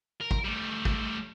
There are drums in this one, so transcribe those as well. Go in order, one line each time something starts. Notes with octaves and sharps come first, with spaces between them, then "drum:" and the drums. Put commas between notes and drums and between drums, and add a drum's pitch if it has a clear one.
A#4
drum: kick
G3 A3
drum: kick